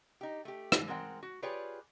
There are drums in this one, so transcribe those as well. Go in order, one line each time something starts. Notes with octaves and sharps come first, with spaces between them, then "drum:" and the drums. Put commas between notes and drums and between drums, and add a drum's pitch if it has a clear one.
D#4 G4
A3 G4
drum: rim click
G#3 C4 A#4 F#5 G5
F#4
F4 G4 G#4 B4 C#5 D5